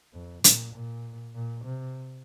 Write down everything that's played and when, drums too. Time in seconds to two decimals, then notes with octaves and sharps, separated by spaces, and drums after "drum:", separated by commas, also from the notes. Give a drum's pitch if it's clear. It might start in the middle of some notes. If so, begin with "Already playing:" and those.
0.14 F2
0.44 A#2, drum: hi-hat
0.75 A#2
1.35 A#2
1.65 C3